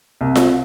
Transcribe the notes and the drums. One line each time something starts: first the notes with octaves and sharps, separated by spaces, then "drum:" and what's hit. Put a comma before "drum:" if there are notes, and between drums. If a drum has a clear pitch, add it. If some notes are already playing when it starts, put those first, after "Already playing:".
C2
drum: snare F4